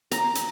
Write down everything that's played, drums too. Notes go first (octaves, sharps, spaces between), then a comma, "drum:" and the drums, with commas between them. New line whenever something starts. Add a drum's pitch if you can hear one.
A#5, drum: hi-hat
drum: hi-hat